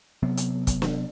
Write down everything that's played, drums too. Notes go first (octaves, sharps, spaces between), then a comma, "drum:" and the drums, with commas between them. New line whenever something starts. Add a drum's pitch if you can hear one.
C3 F#3 B3
drum: hi-hat
drum: kick, hi-hat
drum: snare